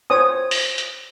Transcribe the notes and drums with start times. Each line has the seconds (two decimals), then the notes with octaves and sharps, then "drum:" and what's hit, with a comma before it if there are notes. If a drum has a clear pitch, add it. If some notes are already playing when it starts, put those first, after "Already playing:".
0.10 C5 C#5 G#5 D#6
0.51 drum: open hi-hat
0.78 drum: hi-hat